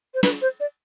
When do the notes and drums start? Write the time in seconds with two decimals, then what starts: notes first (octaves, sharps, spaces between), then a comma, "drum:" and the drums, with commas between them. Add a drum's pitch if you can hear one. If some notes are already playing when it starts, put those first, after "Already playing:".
0.14 C5
0.23 B4, drum: snare
0.42 C5
0.60 D5